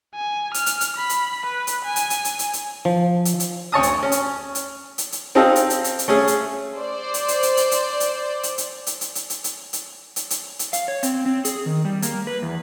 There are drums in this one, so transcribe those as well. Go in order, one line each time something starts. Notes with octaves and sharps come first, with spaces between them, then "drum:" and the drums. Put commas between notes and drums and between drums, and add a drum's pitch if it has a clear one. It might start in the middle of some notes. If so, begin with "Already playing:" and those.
G#5
F6, drum: hi-hat
drum: hi-hat
drum: hi-hat
B5
drum: hi-hat
B4
drum: hi-hat
G#5
drum: hi-hat
drum: hi-hat
drum: hi-hat
drum: hi-hat
drum: hi-hat
F3
drum: hi-hat
drum: hi-hat
D2 C#5 A5 D#6
drum: hi-hat
C#4
drum: hi-hat
drum: hi-hat
drum: hi-hat
drum: hi-hat
C4 D#4 F4 G4 A4
drum: hi-hat
drum: hi-hat
drum: hi-hat
drum: hi-hat
A3 C#4 G#4
drum: hi-hat
C5 D5
drum: hi-hat
drum: hi-hat
drum: hi-hat
drum: hi-hat
drum: hi-hat
drum: hi-hat
drum: hi-hat
drum: hi-hat
drum: hi-hat
drum: hi-hat
drum: hi-hat
drum: hi-hat
drum: hi-hat
drum: hi-hat
drum: hi-hat
drum: hi-hat
drum: hi-hat
F5, drum: hi-hat
C#5
C4, drum: hi-hat
C4
G#4, drum: hi-hat
D#3
G3
A#3, drum: hi-hat
B4
E2